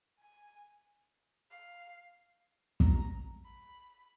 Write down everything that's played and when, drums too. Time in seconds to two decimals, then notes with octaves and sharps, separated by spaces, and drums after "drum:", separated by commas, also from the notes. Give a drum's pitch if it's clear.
0.20 G#5
1.51 F5
2.80 A#5, drum: kick
3.45 B5